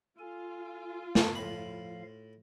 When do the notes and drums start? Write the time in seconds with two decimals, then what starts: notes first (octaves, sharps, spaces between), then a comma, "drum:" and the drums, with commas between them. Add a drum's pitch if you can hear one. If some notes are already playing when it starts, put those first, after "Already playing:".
0.19 F4 A4 G#5
1.15 drum: snare
1.35 A2 F3 F5 B5